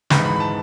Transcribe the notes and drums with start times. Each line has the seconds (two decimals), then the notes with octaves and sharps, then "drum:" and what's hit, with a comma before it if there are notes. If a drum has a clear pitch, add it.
0.10 G#2 E3 B5, drum: snare
0.25 B5
0.36 B5
0.40 A5